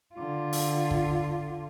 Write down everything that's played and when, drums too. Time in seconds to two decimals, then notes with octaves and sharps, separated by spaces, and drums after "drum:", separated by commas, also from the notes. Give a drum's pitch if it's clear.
0.14 D3 F4
0.53 drum: open hi-hat
0.91 drum: kick